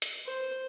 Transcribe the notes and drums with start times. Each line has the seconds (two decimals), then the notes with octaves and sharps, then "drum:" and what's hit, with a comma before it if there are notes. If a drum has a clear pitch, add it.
0.02 drum: hi-hat
0.26 C5